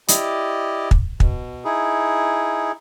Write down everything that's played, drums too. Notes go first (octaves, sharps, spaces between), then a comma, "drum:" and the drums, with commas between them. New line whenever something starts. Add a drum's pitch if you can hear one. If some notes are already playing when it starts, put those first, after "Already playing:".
E4 G4 D5 D#5, drum: hi-hat
drum: kick
B2, drum: kick
D#4 E4 G#4